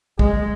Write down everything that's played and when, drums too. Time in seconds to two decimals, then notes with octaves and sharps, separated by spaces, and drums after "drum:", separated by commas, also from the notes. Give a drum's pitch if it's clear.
0.19 G#3, drum: kick